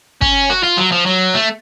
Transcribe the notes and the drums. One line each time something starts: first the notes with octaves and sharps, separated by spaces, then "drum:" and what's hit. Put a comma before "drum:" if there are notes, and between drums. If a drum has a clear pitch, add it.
C#4, drum: kick
F#4
F4
F#3
F3
F#3
A3